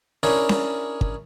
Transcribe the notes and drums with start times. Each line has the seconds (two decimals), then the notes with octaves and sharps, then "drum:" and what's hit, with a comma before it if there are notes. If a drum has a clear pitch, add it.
0.23 C#4 D4 E4 G#4 A#4 C#5
0.49 drum: snare C#4
1.01 drum: kick